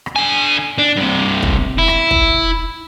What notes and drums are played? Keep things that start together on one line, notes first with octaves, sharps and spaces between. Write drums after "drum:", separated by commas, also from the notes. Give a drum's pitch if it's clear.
drum: rim click
D3 G#5
D4
G2 C3
drum: kick
E4
drum: rim click
drum: kick